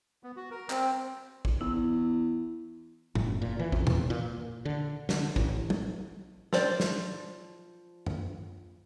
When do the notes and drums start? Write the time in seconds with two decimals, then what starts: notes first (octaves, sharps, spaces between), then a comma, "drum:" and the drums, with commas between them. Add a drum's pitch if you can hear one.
0.23 B3
0.36 F#4
0.51 A#4
0.70 C4, drum: clap
1.45 drum: kick
1.61 E2 E4
3.15 F#1, drum: tom A2
3.42 A#2
3.59 E3
3.72 F2, drum: kick
3.87 E2, drum: tom
4.10 A#2
4.65 D3
5.09 D3, drum: snare
5.36 A1, drum: kick
5.70 drum: tom
6.53 F3 C5 D5, drum: snare
6.80 drum: snare
8.06 drum: tom F#2